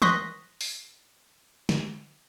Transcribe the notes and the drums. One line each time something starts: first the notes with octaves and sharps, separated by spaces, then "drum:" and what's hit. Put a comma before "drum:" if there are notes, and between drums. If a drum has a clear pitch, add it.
C6 C#6 D#6 F#6 A#6 B6, drum: tom D#3
drum: open hi-hat
drum: snare